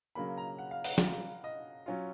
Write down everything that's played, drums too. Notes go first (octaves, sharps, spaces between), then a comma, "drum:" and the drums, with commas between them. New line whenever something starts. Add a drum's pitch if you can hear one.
C#3 F#3 A#3 B5
A#5
F#5
F5
F#5, drum: open hi-hat
drum: snare
D#5
F#3 C#4 F4